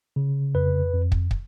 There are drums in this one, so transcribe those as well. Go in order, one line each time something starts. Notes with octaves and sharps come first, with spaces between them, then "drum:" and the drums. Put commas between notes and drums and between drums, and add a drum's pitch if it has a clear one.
C#3
F2 B4
F2
drum: kick
drum: kick